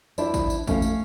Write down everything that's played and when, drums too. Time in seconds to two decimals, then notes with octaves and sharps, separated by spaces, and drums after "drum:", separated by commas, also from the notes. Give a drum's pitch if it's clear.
0.18 D4 E4 C5 D5 E5, drum: tambourine
0.34 drum: kick A1, tambourine
0.50 drum: tambourine
0.67 A3 C#4 F5, drum: kick A1, tambourine
0.82 drum: tambourine